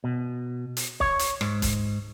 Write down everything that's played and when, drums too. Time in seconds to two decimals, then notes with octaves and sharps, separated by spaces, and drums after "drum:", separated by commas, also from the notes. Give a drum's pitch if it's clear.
0.04 B2
0.77 drum: hi-hat
1.00 C#5, drum: kick
1.19 drum: hi-hat
1.41 G#2, drum: rim click
1.62 drum: kick, hi-hat